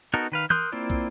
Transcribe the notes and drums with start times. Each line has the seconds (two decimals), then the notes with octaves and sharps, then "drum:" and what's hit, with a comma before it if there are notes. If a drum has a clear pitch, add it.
0.14 B3 D#4 F#4 A4 A#4
0.32 D#3 B4 F5
0.50 A#4 C6 D#6 F#6 G6, drum: tom E3
0.72 A#3 C4 E4 F4 D5
0.90 drum: kick